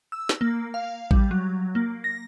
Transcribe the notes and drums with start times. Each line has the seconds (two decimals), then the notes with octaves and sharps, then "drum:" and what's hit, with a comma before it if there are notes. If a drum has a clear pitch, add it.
0.12 E6
0.29 drum: snare
0.41 A#3
0.74 F5
1.11 G3, drum: kick A1
1.31 F#3
1.75 A#3
2.04 A#6